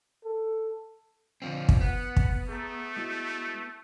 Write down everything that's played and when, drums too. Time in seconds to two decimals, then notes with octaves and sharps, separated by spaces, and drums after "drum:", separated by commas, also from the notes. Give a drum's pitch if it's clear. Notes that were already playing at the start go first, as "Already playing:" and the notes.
0.25 A4
1.42 D3 F3 C4
1.69 drum: kick
1.81 B3 F#5
2.17 drum: kick
2.49 A3 G#4 A#5
2.97 G#3 E4 F#4